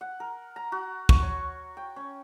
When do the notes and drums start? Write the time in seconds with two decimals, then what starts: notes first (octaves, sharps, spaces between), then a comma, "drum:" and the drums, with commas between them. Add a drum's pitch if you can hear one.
0.01 F#5
0.20 A#4
0.56 A#5
0.72 F#4
1.09 C#6, drum: kick
1.22 C#5
1.77 G5
1.96 C#4